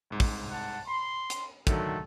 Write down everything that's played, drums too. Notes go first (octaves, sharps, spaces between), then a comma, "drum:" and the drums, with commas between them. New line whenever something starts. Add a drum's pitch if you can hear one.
C2 G#2
drum: kick, open hi-hat
F#5 A5
B5 C6
drum: hi-hat
D3 D#3 F#3 A3 A4, drum: kick, hi-hat